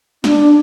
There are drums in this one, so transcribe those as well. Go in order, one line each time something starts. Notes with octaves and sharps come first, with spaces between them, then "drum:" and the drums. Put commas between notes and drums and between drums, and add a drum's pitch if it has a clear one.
D4, drum: snare